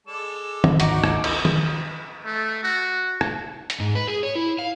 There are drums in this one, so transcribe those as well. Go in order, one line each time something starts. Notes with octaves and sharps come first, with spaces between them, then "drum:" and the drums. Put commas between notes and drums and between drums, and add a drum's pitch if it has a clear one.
G#3 A4 D5 E7
drum: tom
G#1 D2 D#4 F#4 A#4 F#5 D6, drum: hi-hat
drum: rim click
drum: cymbal
drum: tom
A3
F#4
drum: rim click
drum: hi-hat
G#2
B4
G#4
C#5
E4
F5